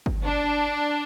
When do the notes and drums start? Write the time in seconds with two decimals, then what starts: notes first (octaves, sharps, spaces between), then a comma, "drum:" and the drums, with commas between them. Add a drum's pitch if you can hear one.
0.06 drum: kick
0.24 D4